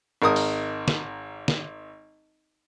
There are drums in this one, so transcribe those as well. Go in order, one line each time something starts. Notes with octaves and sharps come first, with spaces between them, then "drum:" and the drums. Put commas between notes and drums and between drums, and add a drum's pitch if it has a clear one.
G#1 A#4 D#6
drum: open hi-hat
drum: snare
drum: snare